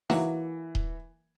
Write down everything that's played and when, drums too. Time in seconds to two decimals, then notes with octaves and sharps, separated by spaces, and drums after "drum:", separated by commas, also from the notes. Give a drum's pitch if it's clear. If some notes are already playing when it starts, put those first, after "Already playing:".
0.10 E3 F#3 A#3 E5, drum: snare D#4
0.75 drum: kick D#1